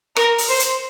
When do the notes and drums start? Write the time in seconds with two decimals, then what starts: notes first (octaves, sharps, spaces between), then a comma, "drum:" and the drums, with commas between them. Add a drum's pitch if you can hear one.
0.16 A#4, drum: rim click
0.38 drum: open hi-hat
0.49 C5
0.60 drum: hi-hat